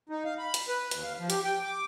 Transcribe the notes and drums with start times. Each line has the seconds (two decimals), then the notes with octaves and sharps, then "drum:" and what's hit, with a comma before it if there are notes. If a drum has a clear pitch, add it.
0.09 D#4
0.25 F5
0.39 B5
0.54 drum: hi-hat
0.69 B4
0.91 D#2, drum: hi-hat
1.03 F5
1.18 F3
1.30 G4, drum: hi-hat
1.44 G5
1.64 D6